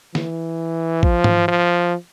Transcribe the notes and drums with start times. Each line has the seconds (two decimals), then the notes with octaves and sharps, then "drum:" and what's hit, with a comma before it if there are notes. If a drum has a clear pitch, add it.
0.15 E3, drum: snare
1.03 F3, drum: kick A1
1.24 drum: tom G#2
1.48 F3